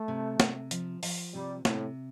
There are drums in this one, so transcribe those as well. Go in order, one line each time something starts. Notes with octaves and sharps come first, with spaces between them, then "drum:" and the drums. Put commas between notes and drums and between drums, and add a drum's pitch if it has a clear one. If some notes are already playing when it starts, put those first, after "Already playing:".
Already playing: A3
C3
C3, drum: snare
F3, drum: hi-hat
F3, drum: open hi-hat
C3 G3
A2 C3, drum: snare